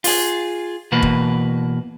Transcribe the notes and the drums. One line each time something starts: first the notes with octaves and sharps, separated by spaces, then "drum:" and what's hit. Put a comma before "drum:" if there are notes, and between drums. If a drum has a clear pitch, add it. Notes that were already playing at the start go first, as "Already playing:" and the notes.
F4 G#4, drum: open hi-hat
B2 E3 A#3 B4
drum: kick